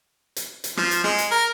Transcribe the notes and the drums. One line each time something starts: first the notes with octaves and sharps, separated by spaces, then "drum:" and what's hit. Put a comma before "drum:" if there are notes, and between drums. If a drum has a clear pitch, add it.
drum: hi-hat
drum: hi-hat
F3, drum: rim click
drum: hi-hat
G#3, drum: rim click
drum: hi-hat
A#4